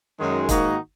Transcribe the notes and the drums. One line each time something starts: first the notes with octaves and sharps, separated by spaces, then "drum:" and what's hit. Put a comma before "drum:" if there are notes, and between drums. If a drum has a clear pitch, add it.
F#2 D#3 G#3
G#2 D#3 A#3 D#4 F#4, drum: kick, hi-hat